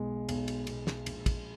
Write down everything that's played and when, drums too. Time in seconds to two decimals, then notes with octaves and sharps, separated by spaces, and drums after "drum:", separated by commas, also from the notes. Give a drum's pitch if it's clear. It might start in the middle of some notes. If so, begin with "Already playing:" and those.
Already playing: B1 B2 G#3
0.29 B1, drum: cymbal
0.48 drum: cymbal
0.67 B2, drum: cymbal
0.87 drum: snare
1.06 A#1, drum: cymbal
1.26 drum: kick, cymbal